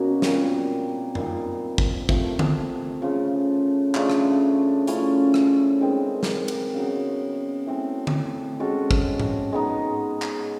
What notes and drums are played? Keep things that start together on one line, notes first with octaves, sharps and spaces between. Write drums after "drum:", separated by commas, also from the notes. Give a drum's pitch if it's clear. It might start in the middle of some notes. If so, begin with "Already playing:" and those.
Already playing: B2 F#3 A#3 C#4
A#2 G3 C4, drum: snare
A#2 G3 C4 D#4, drum: tom F#2
drum: kick
C3 F3 A3, drum: kick
drum: tom D3
C#3 F3 A3
C#3 F3 A3 D4, drum: clap
drum: rim click
F3 A3 C#4 E4, drum: hi-hat
drum: rim click
D#3 G#3 C4
drum: snare
drum: cymbal
C#3 F#3 B3
E3 A3 C4
drum: tom D3
G#3 C#4 F#4 A4
drum: kick
drum: tom G#2
G#3 B3 D#4
drum: clap